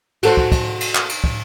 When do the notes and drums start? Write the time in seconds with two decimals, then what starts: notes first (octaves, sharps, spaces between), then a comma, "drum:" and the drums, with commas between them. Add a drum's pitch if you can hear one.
0.23 F#4 A4 C5, drum: cymbal
0.37 drum: kick
0.52 drum: kick, cymbal
0.81 drum: cymbal
0.95 drum: clap
1.09 drum: cymbal
1.24 drum: kick